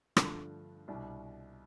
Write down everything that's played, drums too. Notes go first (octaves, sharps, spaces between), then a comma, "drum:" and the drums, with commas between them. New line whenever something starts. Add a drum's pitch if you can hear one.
G2 D3 F3 A3, drum: rim click
C2 B2 G3 D4